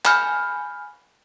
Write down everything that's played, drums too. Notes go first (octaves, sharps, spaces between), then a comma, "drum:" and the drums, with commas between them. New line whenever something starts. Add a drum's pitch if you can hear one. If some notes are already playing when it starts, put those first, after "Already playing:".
G#5 B5 F6 G6, drum: clap